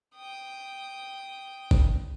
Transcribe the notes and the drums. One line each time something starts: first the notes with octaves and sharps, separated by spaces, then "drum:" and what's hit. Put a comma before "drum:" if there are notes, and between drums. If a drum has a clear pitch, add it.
G5 D#6
drum: kick G1